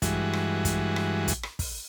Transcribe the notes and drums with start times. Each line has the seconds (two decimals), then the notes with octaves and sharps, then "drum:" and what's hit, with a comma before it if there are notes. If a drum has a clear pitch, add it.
0.02 G2 E3 G#3 F#4, drum: kick, hi-hat
0.33 drum: rim click
0.65 drum: kick, hi-hat
0.96 drum: rim click
1.28 drum: kick, hi-hat
1.43 drum: rim click
1.59 drum: kick, open hi-hat